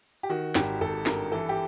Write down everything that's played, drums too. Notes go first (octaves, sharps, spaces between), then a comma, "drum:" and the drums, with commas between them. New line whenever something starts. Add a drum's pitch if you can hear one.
G4
D#3 F#4
G#1 G4, drum: snare
G#1 A4
G2 A#4, drum: snare
E3 A4
G4